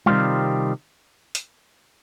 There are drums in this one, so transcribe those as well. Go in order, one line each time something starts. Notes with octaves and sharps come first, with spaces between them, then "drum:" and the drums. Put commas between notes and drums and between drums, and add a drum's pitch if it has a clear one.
C3 D#3 G3 C4 F4, drum: tom G3
drum: hi-hat